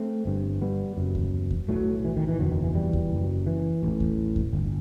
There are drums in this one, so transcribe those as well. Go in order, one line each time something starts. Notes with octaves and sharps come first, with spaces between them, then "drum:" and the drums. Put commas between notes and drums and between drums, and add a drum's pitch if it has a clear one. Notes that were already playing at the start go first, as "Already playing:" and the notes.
Already playing: A3 C4
G1 G2
G3 B3
F#1 F#2
drum: kick D#2
drum: kick D#2
B1 A2 F#3 A3
E3
D#3
E3
F#1 E2 B2 D#3 F#3
D#3
E3
E3 G3
drum: kick D#2
F#1 F#2
E3
A1 A2
drum: kick D#2
drum: kick D#2
G1